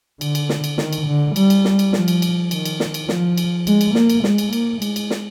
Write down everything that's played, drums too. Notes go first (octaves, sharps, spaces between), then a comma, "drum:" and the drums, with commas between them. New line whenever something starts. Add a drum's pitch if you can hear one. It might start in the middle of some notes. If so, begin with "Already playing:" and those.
D3, drum: cymbal
drum: cymbal
drum: snare
drum: cymbal
D#3, drum: snare
drum: cymbal
D3
G3, drum: cymbal
drum: cymbal
drum: snare
drum: cymbal
F3, drum: snare
drum: cymbal
drum: cymbal
D#3, drum: cymbal
drum: cymbal
drum: snare
drum: cymbal
F3, drum: snare
drum: cymbal
G#3, drum: cymbal
drum: cymbal
A#3, drum: snare
drum: cymbal
G#3, drum: snare
drum: cymbal
A#3, drum: cymbal
G#3, drum: cymbal
drum: cymbal
drum: snare